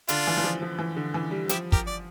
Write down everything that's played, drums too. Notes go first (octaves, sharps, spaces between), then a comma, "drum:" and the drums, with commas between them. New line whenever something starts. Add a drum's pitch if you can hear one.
D3 D4 F4, drum: hi-hat
E3
E3
F3
F3
E3
D3
E3
G3
F3 E4 G4, drum: hi-hat
G4 A#4, drum: kick
D5